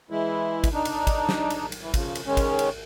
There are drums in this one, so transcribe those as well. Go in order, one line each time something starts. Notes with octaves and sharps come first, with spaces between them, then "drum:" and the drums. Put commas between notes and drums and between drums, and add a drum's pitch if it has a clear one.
E3 G#3 E4
drum: kick, cymbal
D4 D#4
drum: cymbal
drum: kick, cymbal
drum: snare
drum: cymbal
drum: cymbal
E3
C#3 F3, drum: kick, cymbal
drum: cymbal
D#3 G#3 C#4
drum: kick, cymbal
drum: cymbal